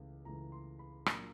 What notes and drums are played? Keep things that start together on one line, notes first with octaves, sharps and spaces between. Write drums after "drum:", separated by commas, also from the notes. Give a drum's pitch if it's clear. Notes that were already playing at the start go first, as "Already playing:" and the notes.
Already playing: C#2 C#3 E3 A3
C#2 C#3 E3 A3 A#5
C6
B5
A#2 F#3 A#3 D4 A#5, drum: rim click